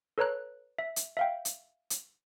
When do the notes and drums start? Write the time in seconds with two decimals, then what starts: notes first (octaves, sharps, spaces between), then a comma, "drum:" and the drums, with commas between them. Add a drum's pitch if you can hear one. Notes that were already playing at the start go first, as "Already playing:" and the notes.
0.18 A4 B4 C#5 A#5 F#6
0.79 E5
0.96 drum: hi-hat
1.17 E5 F5 G5
1.45 drum: hi-hat
1.90 drum: hi-hat